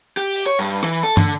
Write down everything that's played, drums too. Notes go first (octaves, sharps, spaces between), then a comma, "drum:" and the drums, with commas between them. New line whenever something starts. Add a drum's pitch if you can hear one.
G4
drum: open hi-hat
C#5
G2
E3, drum: rim click
A4
D3, drum: tom